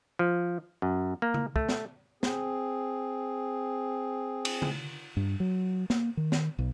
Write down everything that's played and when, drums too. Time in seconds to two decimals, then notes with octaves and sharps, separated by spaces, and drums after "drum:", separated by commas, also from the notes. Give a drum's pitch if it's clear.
0.19 F3
0.82 F#2
1.22 A#3
1.34 drum: tom C#3
1.56 A3, drum: kick
1.69 drum: snare
2.23 C4 G#4, drum: snare
4.45 drum: cymbal
4.62 drum: tom C#3
5.17 G2
5.40 F#3
5.90 A#3, drum: snare
6.17 D#3
6.32 drum: snare
6.59 B1